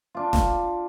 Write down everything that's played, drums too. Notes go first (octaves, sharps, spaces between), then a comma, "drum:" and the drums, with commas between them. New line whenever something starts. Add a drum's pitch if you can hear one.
D4 F4
drum: snare E1